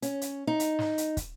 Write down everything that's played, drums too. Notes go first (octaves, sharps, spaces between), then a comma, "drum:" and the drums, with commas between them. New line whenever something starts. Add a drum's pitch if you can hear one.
C#4, drum: hi-hat
drum: hi-hat
D#4
drum: hi-hat
drum: snare
drum: hi-hat
drum: kick, hi-hat